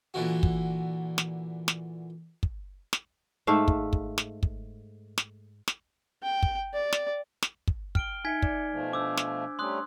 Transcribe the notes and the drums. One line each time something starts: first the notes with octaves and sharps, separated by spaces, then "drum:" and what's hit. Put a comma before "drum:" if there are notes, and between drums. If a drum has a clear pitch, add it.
A#2 D3 E3 F#4
drum: kick
drum: snare
drum: snare
drum: kick
drum: snare
G#2 A3 E5 F5
drum: kick
drum: kick
drum: snare
drum: kick
drum: snare
drum: snare
G5
drum: kick
D5
drum: snare
drum: snare
drum: kick
G5 F6 D7 G7, drum: kick
D#4 E5 G#5 G#6 B6 C#7
D#4 D5, drum: kick
B2 F3 A3
D4 C5 D6 E6 G6
drum: snare
G3 A3 C#4 C6 D#6 F#6